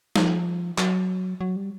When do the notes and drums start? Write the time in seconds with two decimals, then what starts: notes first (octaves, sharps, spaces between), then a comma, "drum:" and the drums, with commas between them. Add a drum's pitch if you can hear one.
0.16 F3, drum: snare
0.78 F#3, drum: clap
1.41 F#3
1.56 G3